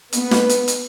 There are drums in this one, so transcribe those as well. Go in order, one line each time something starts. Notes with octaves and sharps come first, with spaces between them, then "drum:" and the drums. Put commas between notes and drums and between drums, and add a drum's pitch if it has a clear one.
B3, drum: hi-hat
drum: snare
drum: hi-hat
drum: hi-hat